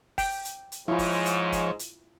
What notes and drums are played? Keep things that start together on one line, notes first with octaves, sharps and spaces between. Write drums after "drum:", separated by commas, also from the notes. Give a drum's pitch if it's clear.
G5, drum: kick, open hi-hat
drum: hi-hat
drum: hi-hat
G#2 F3 E4 F4 C#5
drum: kick, open hi-hat
drum: hi-hat
drum: kick, hi-hat
drum: hi-hat